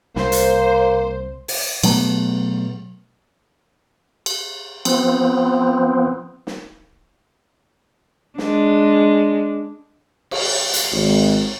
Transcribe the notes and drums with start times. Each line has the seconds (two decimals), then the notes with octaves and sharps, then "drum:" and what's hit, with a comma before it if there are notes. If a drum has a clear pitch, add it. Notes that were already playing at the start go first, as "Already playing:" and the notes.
0.16 C2 A#3 C5, drum: snare
0.32 drum: hi-hat
1.48 drum: open hi-hat
1.83 B2 F#3 A3 B3, drum: cymbal
4.26 drum: cymbal
4.85 F3 B3 C4, drum: cymbal
6.47 drum: snare
8.38 G#3 D4, drum: snare
10.31 drum: cymbal
10.73 drum: hi-hat
10.93 G#1